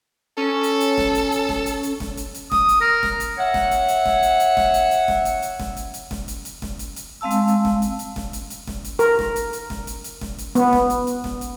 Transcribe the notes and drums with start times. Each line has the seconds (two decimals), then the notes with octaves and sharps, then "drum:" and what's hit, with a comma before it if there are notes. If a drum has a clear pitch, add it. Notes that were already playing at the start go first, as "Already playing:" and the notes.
0.37 C#4 A4
0.63 drum: hi-hat
0.80 drum: hi-hat
0.98 drum: snare
1.15 drum: hi-hat
1.32 drum: hi-hat
1.49 drum: snare
1.66 drum: hi-hat
1.83 drum: hi-hat
2.00 drum: snare
2.17 drum: hi-hat
2.34 drum: hi-hat
2.52 D#6, drum: snare
2.69 drum: hi-hat
2.81 A#4
3.03 drum: snare
3.20 drum: hi-hat
3.38 C#5 E5 F#5
3.54 drum: snare
3.71 drum: hi-hat
3.88 drum: hi-hat
4.06 drum: snare
4.23 drum: hi-hat
4.40 drum: hi-hat
4.57 drum: snare
4.74 drum: hi-hat
4.91 drum: hi-hat
5.08 drum: snare
5.25 drum: hi-hat
5.42 drum: hi-hat
5.59 drum: snare
5.77 drum: hi-hat
5.94 drum: hi-hat
6.11 drum: snare
6.28 drum: hi-hat
6.45 drum: hi-hat
6.62 drum: snare
6.79 drum: hi-hat
6.96 drum: hi-hat
7.21 G#3 C4 F5 A5 E6
7.31 drum: hi-hat
7.48 drum: hi-hat
7.65 drum: snare
7.82 drum: hi-hat
7.99 drum: hi-hat
8.16 drum: snare
8.33 drum: hi-hat
8.50 drum: hi-hat
8.67 drum: snare
8.85 drum: hi-hat
8.99 A#4, drum: hi-hat
9.19 drum: snare
9.36 drum: hi-hat
9.53 drum: hi-hat
9.70 drum: snare
9.87 drum: hi-hat
10.04 drum: hi-hat
10.21 drum: snare
10.38 drum: hi-hat
10.55 B3, drum: hi-hat
10.73 drum: snare
10.90 drum: hi-hat
11.07 drum: hi-hat
11.24 drum: snare
11.41 drum: hi-hat